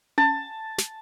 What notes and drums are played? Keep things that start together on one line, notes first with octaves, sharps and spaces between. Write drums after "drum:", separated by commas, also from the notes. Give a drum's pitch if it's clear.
A5, drum: tom C#4
drum: snare